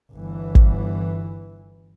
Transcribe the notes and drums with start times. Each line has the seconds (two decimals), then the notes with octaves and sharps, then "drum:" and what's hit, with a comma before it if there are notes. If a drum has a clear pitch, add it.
0.12 G1 E3
0.55 drum: kick